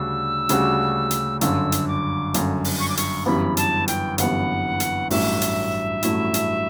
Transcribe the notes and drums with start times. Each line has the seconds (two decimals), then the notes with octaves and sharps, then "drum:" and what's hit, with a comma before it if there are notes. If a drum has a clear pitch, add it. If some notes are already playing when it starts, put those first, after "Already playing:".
Already playing: D2 C#3 G3 D4 F#4 E6
0.49 D2 C#3 G3 D4 F#4, drum: hi-hat
1.11 drum: hi-hat
1.41 G1 F#2 D3 E6, drum: hi-hat
1.72 drum: hi-hat
1.88 D6
2.34 G1 F#2 D3, drum: hi-hat
2.64 drum: open hi-hat
2.80 C#6
2.89 D6
2.97 C#6, drum: hi-hat
3.26 G1 F#2 E3 G3 B3 B5
3.57 A5, drum: hi-hat
3.88 G5, drum: hi-hat
4.18 G1 F#2 E3 G3 B3 F#5, drum: hi-hat
4.80 drum: hi-hat
5.10 A1 G2 F#3 A3 E4 E5, drum: open hi-hat
5.41 drum: hi-hat
6.03 A1 G2 F#3 A3 E4, drum: hi-hat
6.34 drum: hi-hat